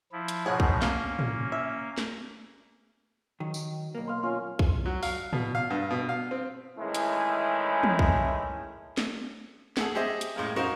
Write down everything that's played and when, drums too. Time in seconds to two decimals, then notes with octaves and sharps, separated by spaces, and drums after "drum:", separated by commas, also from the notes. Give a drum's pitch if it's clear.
0.12 F3 E4
0.28 drum: hi-hat
0.46 G#2 B2 F3 G#4 C#5 F#5
0.60 drum: kick B1
0.82 A#3 C#4 F5, drum: snare
1.19 drum: tom
1.52 E5
1.98 drum: snare
3.40 D#3 F#3
3.54 drum: tambourine
3.95 B1 A#3
4.08 F5 C6
4.23 C#4 F4
4.59 drum: kick B1
4.86 F#3
5.03 F5, drum: open hi-hat
5.33 B2, drum: tom
5.55 F5
5.70 G2
5.90 B2
6.09 F5
6.31 C4
6.78 D#3 E3 G#3 A3 C#4 E4
6.95 drum: hi-hat
7.83 drum: tom
7.99 drum: kick B1
8.97 drum: snare
9.77 G#4 A4 F#5, drum: snare
9.95 G4 G#4 C5 D#5 E5
10.21 drum: hi-hat
10.36 A2 G#3 A#3
10.56 D#4 F#4 A#4 C5 F5 C#6